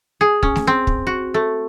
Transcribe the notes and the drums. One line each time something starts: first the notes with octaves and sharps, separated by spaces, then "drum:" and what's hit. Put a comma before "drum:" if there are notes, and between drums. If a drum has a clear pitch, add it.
G#4
C#4, drum: kick
drum: snare A3
C4
drum: kick
F#4
A3